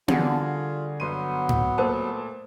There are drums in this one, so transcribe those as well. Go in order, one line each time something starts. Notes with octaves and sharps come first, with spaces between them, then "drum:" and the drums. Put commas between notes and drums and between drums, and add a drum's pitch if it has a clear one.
D3 G3 F4 F#4 G#4, drum: tom B3
G1 F#3 B3 C6 D#7
drum: tom G#2
A#2 A3 A#4 C5 A5